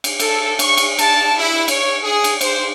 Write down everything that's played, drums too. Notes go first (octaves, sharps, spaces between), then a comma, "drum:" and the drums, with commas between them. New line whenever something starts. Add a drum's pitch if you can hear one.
drum: cymbal
A4, drum: cymbal
C#6, drum: cymbal
drum: cymbal
A5, drum: cymbal
E4
C#5, drum: cymbal
G#4
drum: cymbal
C5, drum: cymbal